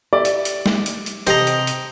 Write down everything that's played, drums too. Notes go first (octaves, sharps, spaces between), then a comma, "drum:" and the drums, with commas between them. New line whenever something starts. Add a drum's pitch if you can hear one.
G4 D5 E5
drum: hi-hat
drum: hi-hat
drum: snare
drum: hi-hat
drum: hi-hat
C3 G4 A4 C5 D#5 A#5, drum: hi-hat
drum: hi-hat
drum: hi-hat